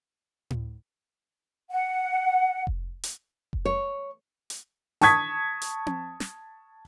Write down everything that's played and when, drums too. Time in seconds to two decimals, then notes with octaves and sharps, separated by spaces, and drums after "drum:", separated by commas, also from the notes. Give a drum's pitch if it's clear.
0.50 drum: tom A2
1.70 F#5
2.67 drum: kick F1
3.03 drum: hi-hat
3.53 drum: kick F1
3.65 C#5
4.50 drum: hi-hat
5.01 A5 C#6 D#6 G#6 B6, drum: snare
5.62 drum: hi-hat
5.86 drum: tom C4
6.20 drum: snare